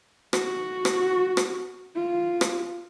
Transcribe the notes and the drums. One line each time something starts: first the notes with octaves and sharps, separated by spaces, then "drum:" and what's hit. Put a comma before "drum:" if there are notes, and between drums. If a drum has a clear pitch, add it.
F#4, drum: rim click
drum: rim click
drum: rim click
F4
drum: rim click